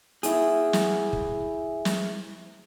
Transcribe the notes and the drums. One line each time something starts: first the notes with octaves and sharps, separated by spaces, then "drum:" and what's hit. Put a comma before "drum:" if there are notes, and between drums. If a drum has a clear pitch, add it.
E4 G#4, drum: hi-hat
drum: snare
drum: kick
drum: snare